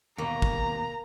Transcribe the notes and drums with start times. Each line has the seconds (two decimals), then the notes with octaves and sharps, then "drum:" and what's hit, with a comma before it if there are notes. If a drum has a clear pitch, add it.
0.18 D#2 B2 A#3 A#5
0.42 drum: kick